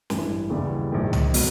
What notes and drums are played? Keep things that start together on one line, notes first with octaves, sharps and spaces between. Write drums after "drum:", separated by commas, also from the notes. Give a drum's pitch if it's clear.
A1 G2 E3, drum: snare
D#2 C#3 E3 G3 B3
A#1 G#2 D#3
drum: tom
B2 F#3, drum: open hi-hat